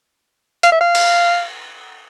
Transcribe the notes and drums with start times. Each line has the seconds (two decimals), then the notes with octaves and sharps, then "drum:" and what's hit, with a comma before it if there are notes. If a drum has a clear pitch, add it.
0.63 F5, drum: hi-hat
0.72 E5
0.81 F5
0.95 drum: cymbal